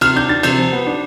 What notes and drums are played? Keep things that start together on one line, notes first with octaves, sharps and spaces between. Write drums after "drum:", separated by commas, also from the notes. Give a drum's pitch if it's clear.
C3 F6, drum: cymbal
D4 G6
D4 A6
C3 G6, drum: cymbal
F3
B3
D4